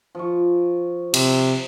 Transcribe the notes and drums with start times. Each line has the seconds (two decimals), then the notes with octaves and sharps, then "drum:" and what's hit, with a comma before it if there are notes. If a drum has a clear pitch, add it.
0.15 F3 C#6
1.14 C3, drum: cymbal